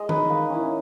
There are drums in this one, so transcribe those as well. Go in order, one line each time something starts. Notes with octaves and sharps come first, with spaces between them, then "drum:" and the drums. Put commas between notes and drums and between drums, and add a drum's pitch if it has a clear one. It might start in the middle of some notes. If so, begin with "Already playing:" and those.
Already playing: G#3 D#5
D#4 B4, drum: tom D#3
A#3
C#4 E4